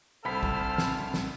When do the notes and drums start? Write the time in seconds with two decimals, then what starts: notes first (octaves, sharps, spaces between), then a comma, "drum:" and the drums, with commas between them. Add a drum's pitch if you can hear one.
0.25 C2 A4 C5 B5 F6 B6
0.43 drum: kick
0.78 drum: snare
1.14 drum: snare